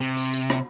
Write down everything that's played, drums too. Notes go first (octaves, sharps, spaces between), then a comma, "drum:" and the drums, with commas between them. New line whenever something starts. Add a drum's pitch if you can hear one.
C3
drum: tambourine
drum: tambourine
drum: rim click